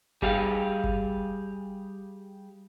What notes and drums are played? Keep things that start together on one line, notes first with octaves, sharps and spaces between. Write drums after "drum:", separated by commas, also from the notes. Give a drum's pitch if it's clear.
G3 G4 G#4 F5, drum: kick G1
drum: kick G1